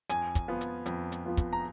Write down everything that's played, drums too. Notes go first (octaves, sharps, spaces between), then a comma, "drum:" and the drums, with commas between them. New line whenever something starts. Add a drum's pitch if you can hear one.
F2 G#5, drum: hi-hat
drum: kick, hi-hat
F3 B3 F4
drum: hi-hat
F2, drum: hi-hat
drum: hi-hat
F3 B3 F4
drum: kick, hi-hat
A#5